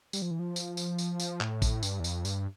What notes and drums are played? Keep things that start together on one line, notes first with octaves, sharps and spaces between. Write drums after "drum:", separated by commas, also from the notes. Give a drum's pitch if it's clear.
G3, drum: tambourine
F3
E3
F3
drum: tambourine
drum: tambourine
drum: tambourine
drum: tambourine
A2, drum: clap
drum: kick G#1, tambourine
G2, drum: tambourine
E2
F2, drum: tambourine
G2, drum: tambourine